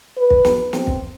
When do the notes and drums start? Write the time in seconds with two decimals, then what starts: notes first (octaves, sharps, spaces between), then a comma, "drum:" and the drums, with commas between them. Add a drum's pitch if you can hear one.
0.17 B4
0.30 drum: kick
0.45 drum: snare
0.73 C4, drum: snare
0.87 drum: kick